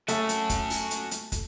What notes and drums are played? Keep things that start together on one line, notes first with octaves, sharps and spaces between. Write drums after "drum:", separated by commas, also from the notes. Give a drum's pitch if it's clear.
A3 C#4 F#4, drum: hi-hat
drum: hi-hat
drum: kick, hi-hat
drum: open hi-hat
drum: hi-hat
drum: hi-hat
drum: kick, hi-hat